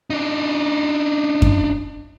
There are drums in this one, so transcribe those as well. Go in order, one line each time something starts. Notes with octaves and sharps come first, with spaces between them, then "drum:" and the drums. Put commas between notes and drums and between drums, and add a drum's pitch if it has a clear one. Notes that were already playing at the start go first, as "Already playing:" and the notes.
D4 D#4
drum: kick F#2